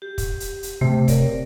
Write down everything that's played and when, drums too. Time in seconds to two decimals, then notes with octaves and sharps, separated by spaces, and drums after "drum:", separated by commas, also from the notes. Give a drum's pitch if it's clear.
0.02 G4
0.18 drum: kick, hi-hat
0.40 drum: hi-hat
0.63 drum: hi-hat
0.81 C3 A3
1.08 A#4 C#5 D5, drum: kick, hi-hat